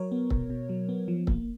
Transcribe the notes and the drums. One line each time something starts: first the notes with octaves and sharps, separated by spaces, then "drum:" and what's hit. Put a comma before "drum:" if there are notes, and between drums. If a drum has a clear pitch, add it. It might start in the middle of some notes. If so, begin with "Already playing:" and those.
Already playing: F#3 A#4 C#5
B3
B2, drum: kick
B2
F#3
B3
F3
A#3, drum: kick